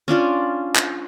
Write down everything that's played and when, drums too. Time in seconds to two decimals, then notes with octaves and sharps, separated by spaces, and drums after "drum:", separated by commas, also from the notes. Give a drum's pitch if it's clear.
0.08 C#4 D4 F4 D5
0.75 drum: clap